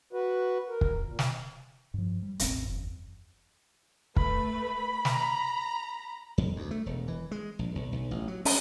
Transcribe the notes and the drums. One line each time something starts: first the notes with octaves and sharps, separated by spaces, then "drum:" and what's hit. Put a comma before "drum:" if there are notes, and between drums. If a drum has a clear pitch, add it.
F#4 B4
A#4
drum: kick
A#2
drum: snare
G2 F3
G3
E1 A1 C4, drum: hi-hat
F#1 E2
A3 B4 B5, drum: kick
A#5, drum: snare
F2
D2
A3
E1
E3
G#3
A#1
B1
B1
A1
F#3
C#4, drum: open hi-hat